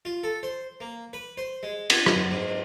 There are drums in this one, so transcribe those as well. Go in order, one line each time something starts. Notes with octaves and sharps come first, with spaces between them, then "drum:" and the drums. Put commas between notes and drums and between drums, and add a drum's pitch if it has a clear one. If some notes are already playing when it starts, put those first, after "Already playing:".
F4
A4
C5
A#3
B4
C5
G#3
A5, drum: cymbal
F#2, drum: rim click
G#2